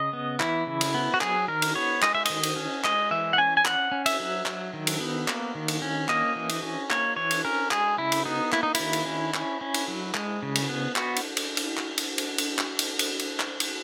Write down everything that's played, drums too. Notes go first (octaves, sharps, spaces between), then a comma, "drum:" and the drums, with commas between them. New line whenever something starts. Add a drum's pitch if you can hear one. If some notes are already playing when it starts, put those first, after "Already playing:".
Already playing: C#3 D#5
B3
E3 E4, drum: clap
C#3
drum: cymbal
B3
F#4
F#3 G#4, drum: clap
D#3 A#4
drum: cymbal
B3 C#5
G#3 D#5, drum: clap
E5
D#3 D#5, drum: cymbal
drum: cymbal
C#4
G#3 D#5, drum: clap
E3 E5
F#5
C#4 G#5
G#5
C#4 F#5, drum: clap
C#4
E5, drum: cymbal
F#3
F#3, drum: clap
D#3
drum: cymbal
B3
A#3, drum: clap
D#3
drum: cymbal
C#4
A#3 D#5, drum: clap
E3
drum: cymbal
C#4
A#3 C#5, drum: clap
E3 C#5
drum: cymbal
C#4 A#4
G#3 G#4, drum: clap
C#3 E4
drum: cymbal
B3 D#4
A#3 E4, drum: clap
D#4
E4, drum: cymbal
D#3
drum: cymbal
C#4
C#4, drum: clap
C#4
drum: cymbal
F#3
G#3, drum: clap
C#3
drum: cymbal
B3
B3 F#4, drum: clap
drum: cymbal
drum: cymbal
drum: cymbal
drum: clap
drum: cymbal
drum: cymbal
drum: cymbal
drum: clap
drum: cymbal
drum: cymbal
drum: cymbal
drum: clap
drum: cymbal